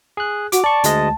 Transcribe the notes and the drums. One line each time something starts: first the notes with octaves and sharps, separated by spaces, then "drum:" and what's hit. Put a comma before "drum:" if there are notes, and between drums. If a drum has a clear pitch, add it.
G#4 F#6
F#4 D6, drum: hi-hat
D5 A5 C#6
D2 G#3 D#5, drum: hi-hat